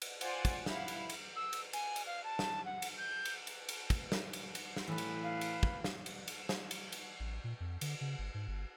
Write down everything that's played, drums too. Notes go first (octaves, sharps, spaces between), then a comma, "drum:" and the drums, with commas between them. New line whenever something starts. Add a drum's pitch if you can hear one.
drum: cymbal
F4 C5 D5 F#5 G#5, drum: cymbal
drum: kick, cymbal
E4 F5 F#5, drum: snare
drum: cymbal
drum: cymbal
E6
drum: cymbal
G#5, drum: cymbal
drum: cymbal
F5
A5
drum: snare
F#5
drum: cymbal
G6
drum: cymbal
drum: cymbal
drum: cymbal
drum: kick, cymbal
drum: snare
drum: cymbal
drum: cymbal
drum: snare
A2 E3 A4 B4
drum: cymbal
F5
drum: cymbal
drum: kick
drum: snare
drum: cymbal
drum: cymbal
drum: snare
drum: cymbal
drum: cymbal
A1
A#2
F2
D3, drum: cymbal
C#3
G1
G#2
G1